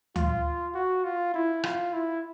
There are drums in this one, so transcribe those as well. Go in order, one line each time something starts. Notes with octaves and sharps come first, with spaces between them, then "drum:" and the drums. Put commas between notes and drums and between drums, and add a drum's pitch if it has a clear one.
F4, drum: tom D2
F#4
F4
E4
F4, drum: rim click
E4